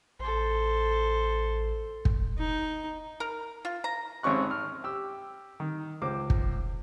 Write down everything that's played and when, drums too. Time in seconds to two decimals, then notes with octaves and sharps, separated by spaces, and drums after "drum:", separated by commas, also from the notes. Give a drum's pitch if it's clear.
0.19 A1 A4 C5
2.05 drum: kick
2.38 D#4
3.20 A#4
3.65 F4
3.84 A#5
4.23 G#1 C4 C#4 C#6 F#6
4.51 F6
4.84 G4 E6
5.60 D#3
6.02 C#2 C5 D6
6.30 drum: kick